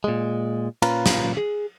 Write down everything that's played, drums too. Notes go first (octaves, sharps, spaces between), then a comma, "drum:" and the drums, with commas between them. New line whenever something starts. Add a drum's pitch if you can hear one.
A#2 G#3
A#2 C#4 F4 B4 A#5, drum: cymbal
drum: snare
G#4